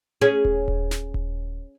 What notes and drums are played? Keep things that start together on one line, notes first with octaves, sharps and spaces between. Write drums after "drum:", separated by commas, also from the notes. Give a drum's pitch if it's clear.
C#4 G#4
drum: kick D#1
drum: kick D#1
drum: snare
drum: kick D#1